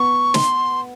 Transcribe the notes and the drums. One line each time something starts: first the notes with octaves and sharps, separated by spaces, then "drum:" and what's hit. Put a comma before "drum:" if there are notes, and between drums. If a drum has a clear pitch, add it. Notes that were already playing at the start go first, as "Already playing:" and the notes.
Already playing: B3 C#6
C6, drum: snare